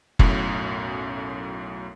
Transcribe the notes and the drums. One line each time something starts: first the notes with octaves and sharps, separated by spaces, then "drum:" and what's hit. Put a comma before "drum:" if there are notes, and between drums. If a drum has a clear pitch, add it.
B1 F#2 A2, drum: kick F#1